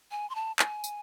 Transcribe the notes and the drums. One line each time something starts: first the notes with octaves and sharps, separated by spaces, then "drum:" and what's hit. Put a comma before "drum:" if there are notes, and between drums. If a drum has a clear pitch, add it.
G#5
C6
A5
G#5, drum: clap
drum: tambourine